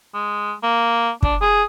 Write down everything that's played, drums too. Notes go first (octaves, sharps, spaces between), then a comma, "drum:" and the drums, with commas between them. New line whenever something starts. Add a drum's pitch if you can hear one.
G#3
A#3
D4, drum: kick
G#4